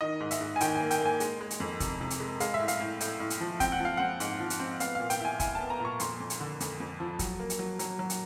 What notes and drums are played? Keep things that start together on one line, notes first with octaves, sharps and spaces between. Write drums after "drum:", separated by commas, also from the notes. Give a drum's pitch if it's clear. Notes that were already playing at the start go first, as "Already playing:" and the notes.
D#3 D#5
G#2
E5, drum: hi-hat
G#2
G#5
D#3 G5, drum: hi-hat
A#3 G#5
G5, drum: hi-hat
A#3
G#5
G#3, drum: hi-hat
G#3
drum: hi-hat
F2
C3, drum: kick, hi-hat
C3
drum: hi-hat
G#3
G#3 F5, drum: hi-hat
E5
A2
F5, drum: hi-hat
A2
A2, drum: hi-hat
A2
drum: hi-hat
F3
C4 G5, drum: kick, hi-hat
F#5
F3
F5
C4 F#5
G#2, drum: hi-hat
F3
drum: hi-hat
C4
B3 F5, drum: hi-hat
A#2 F5
G5, drum: hi-hat
E4 G#5
E4 G#5, drum: kick, hi-hat
B3 A5
A#5
A#2 C#6
F2 C6, drum: hi-hat
F2
drum: hi-hat
D3
F2, drum: hi-hat
F2
F3
F#3, drum: kick, hi-hat
A#3
drum: hi-hat
F#3
F#3, drum: hi-hat
F#3
drum: hi-hat